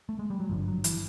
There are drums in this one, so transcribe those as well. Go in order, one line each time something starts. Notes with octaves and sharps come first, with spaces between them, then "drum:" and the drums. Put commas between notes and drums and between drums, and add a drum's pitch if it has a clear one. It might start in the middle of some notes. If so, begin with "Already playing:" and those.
A3
G#3
G3
F#3
G#1 G2 D3 F3
F#3
E3, drum: hi-hat